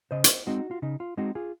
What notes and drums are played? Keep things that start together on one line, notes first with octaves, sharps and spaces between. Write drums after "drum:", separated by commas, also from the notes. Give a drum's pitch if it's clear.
C#3 C5 D#5
drum: hi-hat
G#3 C4 D#4 F#4
F4
C#3 D#4
F4
G#3 C4 D#4 F#4
F4 G#4